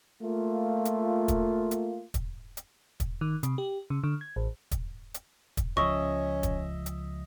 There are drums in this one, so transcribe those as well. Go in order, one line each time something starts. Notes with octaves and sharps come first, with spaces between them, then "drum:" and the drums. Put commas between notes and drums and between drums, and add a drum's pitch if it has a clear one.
A3 A#3 F4
drum: hi-hat
drum: kick, hi-hat
drum: hi-hat
drum: kick, hi-hat
drum: hi-hat
drum: kick, hi-hat
D#3
C3, drum: hi-hat
G4
C#3
D3
G#6
A1
drum: kick, hi-hat
drum: hi-hat
drum: kick, hi-hat
C#2 F3 C#4 D#5 E5 C#6
drum: kick, hi-hat
drum: hi-hat